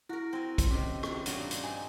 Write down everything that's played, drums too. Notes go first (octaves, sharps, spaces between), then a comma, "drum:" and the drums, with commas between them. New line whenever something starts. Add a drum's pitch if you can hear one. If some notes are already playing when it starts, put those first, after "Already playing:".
E4 F#4 A#4
C4 G#5
drum: kick, hi-hat
C3 D#3 C#4
drum: rim click
G2 A#2 F#3, drum: hi-hat
C5, drum: hi-hat
C4 D#4 G#5